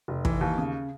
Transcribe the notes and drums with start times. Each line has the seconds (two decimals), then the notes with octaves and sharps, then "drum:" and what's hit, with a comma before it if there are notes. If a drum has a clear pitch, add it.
0.08 F1
0.25 E3, drum: kick
0.41 D#2
0.58 C#3